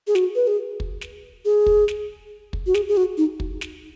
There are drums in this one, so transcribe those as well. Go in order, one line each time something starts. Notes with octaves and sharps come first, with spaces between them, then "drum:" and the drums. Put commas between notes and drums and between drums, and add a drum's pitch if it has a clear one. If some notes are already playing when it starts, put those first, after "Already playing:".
G#4
F#4, drum: snare
B4
G#4
drum: kick
drum: snare
G#4
drum: kick
drum: snare
drum: kick
F#4
G#4, drum: snare
G#4
F#4
D#4
drum: kick
drum: snare